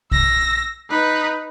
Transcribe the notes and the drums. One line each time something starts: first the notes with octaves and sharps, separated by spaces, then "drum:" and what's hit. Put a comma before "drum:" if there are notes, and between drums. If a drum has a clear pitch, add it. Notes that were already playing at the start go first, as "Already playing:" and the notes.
E6 A#6, drum: kick
D#4 B4